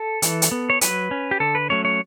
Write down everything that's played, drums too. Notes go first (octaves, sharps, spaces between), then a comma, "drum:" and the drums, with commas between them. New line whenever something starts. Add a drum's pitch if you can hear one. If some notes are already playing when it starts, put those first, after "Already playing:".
Already playing: A4
E3, drum: hi-hat
drum: hi-hat
B3
C#5
F#3 B4, drum: hi-hat
C#4
G4
D3 A4
B4
F#3 A3 C#4 C#5
C#5